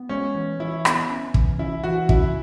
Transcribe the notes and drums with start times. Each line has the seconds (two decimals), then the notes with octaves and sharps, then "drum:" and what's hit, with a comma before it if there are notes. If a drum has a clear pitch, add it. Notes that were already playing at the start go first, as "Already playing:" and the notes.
Already playing: B3
0.09 G#3 C#4
0.35 E3
0.60 E3 E4
0.85 B3, drum: rim click
1.10 C#4
1.34 E3, drum: kick
1.59 C#4 E4
1.84 E3 F#4
2.09 C#4 E4, drum: kick